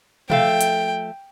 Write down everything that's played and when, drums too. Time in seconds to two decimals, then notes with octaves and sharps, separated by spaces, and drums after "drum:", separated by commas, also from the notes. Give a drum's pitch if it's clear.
0.30 F3 A3 F5 G5, drum: tom
0.61 drum: hi-hat